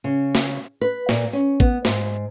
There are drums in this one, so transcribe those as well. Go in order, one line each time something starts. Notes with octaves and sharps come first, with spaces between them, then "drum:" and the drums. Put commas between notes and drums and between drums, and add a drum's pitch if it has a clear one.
C#3
drum: snare
B4
A#2, drum: snare
C#4
B3, drum: kick G#1, hi-hat
G#2, drum: snare